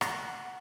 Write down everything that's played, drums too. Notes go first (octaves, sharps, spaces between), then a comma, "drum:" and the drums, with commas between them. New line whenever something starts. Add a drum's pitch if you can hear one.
F#5, drum: rim click